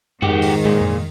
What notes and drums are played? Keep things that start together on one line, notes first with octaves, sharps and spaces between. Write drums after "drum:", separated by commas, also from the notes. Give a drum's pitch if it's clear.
G#2 D#3 F#4 G4, drum: tom F2
drum: open hi-hat
A#2 G#3
drum: tom F2